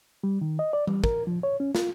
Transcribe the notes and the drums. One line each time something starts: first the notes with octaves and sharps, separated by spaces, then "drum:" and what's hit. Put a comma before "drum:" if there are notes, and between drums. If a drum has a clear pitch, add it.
G3
D#3
D#5
D5
G3, drum: tom E3
A#4, drum: kick
F3
C#5
C#4
F4, drum: snare